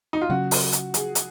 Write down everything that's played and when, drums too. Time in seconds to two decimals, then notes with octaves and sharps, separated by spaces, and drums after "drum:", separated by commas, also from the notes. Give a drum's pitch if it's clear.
0.13 D#4
0.21 F4
0.29 C#3 F#3 C#4 F#4
0.51 drum: open hi-hat
0.73 drum: hi-hat
0.94 G#4, drum: hi-hat
1.15 drum: hi-hat